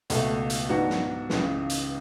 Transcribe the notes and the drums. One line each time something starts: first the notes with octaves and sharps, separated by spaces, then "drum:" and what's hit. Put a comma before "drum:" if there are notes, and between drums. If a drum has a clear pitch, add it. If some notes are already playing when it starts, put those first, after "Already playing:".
C#2 B2 A3, drum: hi-hat
drum: hi-hat
G#2 F#3 B3 D4 F#4
drum: snare
C#2 C#3 E3, drum: snare
drum: hi-hat